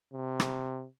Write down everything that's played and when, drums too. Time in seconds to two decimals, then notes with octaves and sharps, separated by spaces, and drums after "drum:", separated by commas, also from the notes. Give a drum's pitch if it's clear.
0.13 C3
0.40 drum: rim click